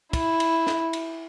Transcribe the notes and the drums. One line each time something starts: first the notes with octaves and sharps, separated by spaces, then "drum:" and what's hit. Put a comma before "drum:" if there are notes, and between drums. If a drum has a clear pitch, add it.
E4, drum: kick, cymbal
drum: cymbal
drum: snare
drum: cymbal